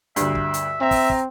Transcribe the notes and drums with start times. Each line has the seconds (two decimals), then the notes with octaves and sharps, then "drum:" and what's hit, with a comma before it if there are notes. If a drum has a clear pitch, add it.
0.16 D2 G2 E5, drum: hi-hat
0.35 drum: kick
0.54 drum: hi-hat
0.81 C4 E5 A#5 E6
0.91 drum: kick, open hi-hat
1.10 drum: kick